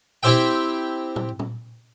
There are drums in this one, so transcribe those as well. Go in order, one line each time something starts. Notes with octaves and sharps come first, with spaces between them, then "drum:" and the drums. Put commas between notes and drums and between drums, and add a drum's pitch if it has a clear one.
C4 E4 G4 C5 E5 G5
drum: tom A#2
drum: tom A#2